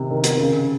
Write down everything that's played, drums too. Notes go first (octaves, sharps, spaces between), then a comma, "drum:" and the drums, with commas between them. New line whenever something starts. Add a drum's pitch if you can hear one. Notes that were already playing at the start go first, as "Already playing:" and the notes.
Already playing: C3 D#3
D#3
drum: hi-hat
C#3